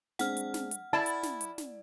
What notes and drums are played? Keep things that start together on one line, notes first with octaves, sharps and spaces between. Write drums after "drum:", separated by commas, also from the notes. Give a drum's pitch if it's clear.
G#3 C4 D4 F#5 F6, drum: snare
drum: hi-hat
drum: snare
drum: hi-hat
E4 D5 A5
drum: hi-hat
drum: snare
drum: hi-hat
drum: snare